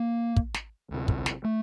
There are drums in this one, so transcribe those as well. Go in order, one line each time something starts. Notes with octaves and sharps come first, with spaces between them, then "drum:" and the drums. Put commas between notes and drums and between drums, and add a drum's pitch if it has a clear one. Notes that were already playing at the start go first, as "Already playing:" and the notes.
Already playing: A#3
drum: kick
drum: snare
D2 C3
drum: kick
drum: snare
A3